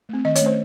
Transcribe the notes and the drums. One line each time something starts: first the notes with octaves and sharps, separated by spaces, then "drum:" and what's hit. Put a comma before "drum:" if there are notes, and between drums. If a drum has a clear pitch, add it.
A3 C4
D#3 D#5
C#5, drum: hi-hat
A3 C#4 C5